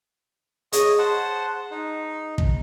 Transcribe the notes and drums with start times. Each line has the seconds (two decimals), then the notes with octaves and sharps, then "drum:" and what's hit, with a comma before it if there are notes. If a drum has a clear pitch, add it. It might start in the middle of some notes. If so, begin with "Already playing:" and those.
0.73 G#4 C#5 D#5, drum: hi-hat
0.99 C5 F#5 A5
1.71 D#4
2.38 drum: kick